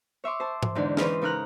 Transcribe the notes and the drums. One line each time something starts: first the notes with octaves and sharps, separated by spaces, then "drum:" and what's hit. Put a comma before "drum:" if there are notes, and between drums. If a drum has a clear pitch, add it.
C#5 E5 C6 D6
C5 A5
drum: tom G#2
E2 G#2 D3 D#4
E3 C#4 B4 C5 D#5 F6, drum: snare
C#3 D#4 A#4 F6 F#6